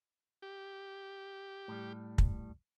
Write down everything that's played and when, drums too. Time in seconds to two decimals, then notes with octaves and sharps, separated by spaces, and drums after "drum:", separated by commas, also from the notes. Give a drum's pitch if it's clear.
0.42 G4
1.68 A2 G3
2.18 drum: kick